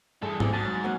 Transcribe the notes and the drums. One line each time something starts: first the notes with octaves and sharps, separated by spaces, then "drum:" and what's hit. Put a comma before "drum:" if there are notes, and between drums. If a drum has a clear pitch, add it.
G2 E3 G#4 A4
E3 G3 A3 C4 D5, drum: tom G#2
G#2 F#4 G#5 A5 A6
F#3
F#3 A#3 C#4 F#5